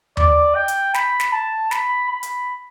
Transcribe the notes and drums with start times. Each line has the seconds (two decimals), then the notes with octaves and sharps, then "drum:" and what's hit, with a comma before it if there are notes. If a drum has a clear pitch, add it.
0.17 D5, drum: tom D#2
0.55 G5
0.68 drum: hi-hat
0.94 B5, drum: snare
1.20 drum: snare
1.32 A5
1.71 B5, drum: snare
2.09 B5
2.23 drum: hi-hat